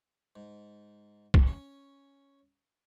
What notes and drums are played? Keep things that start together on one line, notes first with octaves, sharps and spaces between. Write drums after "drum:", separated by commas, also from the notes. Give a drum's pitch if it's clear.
G#2
drum: kick
C#4